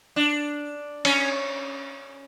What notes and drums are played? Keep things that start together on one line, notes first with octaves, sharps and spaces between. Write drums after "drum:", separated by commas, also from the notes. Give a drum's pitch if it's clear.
D4
C#4, drum: cymbal